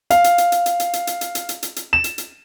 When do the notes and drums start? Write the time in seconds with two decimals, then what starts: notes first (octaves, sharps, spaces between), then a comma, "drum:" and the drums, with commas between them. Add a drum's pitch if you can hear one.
0.10 F5, drum: hi-hat
0.24 drum: hi-hat
0.38 drum: hi-hat
0.52 drum: hi-hat
0.66 drum: hi-hat
0.80 drum: hi-hat
0.93 drum: hi-hat
1.07 drum: hi-hat
1.21 drum: hi-hat
1.35 drum: hi-hat
1.49 drum: hi-hat
1.63 drum: hi-hat
1.76 drum: hi-hat
1.93 E7
2.04 drum: hi-hat
2.18 drum: hi-hat